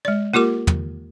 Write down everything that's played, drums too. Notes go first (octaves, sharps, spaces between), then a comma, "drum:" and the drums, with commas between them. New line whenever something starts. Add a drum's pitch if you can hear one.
G#3 D5
A#3 F4 G4 A#4 D6
drum: tom